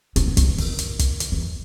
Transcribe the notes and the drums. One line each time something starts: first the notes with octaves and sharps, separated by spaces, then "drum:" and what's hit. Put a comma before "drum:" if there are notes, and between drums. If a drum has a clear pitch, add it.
C#4, drum: hi-hat
B3
F#3, drum: kick, hi-hat
E3
D#3, drum: open hi-hat
drum: hi-hat
drum: kick, hi-hat
drum: hi-hat
E2